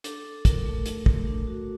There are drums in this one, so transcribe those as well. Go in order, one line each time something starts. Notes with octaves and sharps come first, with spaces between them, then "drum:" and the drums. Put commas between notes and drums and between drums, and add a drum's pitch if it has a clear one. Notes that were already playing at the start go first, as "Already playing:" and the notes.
D4 A4, drum: hi-hat
D4
D4 A#4, drum: kick, hi-hat
A3
A3, drum: hi-hat
A3, drum: kick
D4
F#4